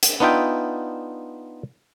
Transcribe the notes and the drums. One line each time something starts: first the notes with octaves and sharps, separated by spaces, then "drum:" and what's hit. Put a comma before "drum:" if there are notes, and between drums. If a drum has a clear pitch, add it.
drum: hi-hat
B3 D4 D#4 F4 E5 G5